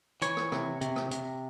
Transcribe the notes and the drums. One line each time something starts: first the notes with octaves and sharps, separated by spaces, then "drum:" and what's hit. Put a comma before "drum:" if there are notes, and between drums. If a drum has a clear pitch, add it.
E3 C#5, drum: hi-hat
drum: rim click
C3, drum: rim click
C3, drum: hi-hat
drum: rim click
C3, drum: hi-hat